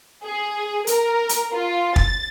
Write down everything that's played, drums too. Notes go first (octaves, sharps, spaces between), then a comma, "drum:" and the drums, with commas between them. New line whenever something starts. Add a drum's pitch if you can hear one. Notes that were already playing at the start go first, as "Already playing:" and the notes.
G#4
A#4, drum: hi-hat
drum: hi-hat
F4
A6, drum: kick